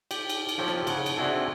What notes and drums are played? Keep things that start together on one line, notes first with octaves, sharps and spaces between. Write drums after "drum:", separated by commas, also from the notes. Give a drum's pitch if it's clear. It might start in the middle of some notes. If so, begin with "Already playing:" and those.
G4, drum: cymbal
drum: cymbal
drum: cymbal
F3 G4 A4 C#5
drum: rim click
C#3 C#5 F#5, drum: cymbal
drum: cymbal
C4 D4 E4 F#4 G#4 A4